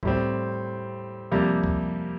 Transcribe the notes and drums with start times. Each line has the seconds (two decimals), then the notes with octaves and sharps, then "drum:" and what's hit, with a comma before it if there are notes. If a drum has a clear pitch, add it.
0.03 A2 G3 C4, drum: kick C#2
1.31 F2 C3 G3 A#3
1.64 drum: kick C#2